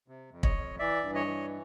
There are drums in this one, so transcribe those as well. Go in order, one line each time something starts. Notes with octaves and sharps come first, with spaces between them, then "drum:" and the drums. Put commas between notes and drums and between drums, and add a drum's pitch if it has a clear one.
C3
F2
C#5 D#5, drum: kick
F2
E3 D5 E5
G2
C#5 D#5
E3